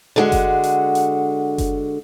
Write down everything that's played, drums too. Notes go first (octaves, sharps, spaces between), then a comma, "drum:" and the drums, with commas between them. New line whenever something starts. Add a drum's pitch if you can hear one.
D3 G#3 F#4
drum: kick F#1, hi-hat
drum: hi-hat
drum: hi-hat
drum: kick F#1, hi-hat